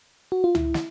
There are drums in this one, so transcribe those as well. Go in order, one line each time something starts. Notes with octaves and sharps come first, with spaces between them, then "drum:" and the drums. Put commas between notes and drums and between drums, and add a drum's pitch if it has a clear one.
F#4
F4
E4, drum: tom
drum: snare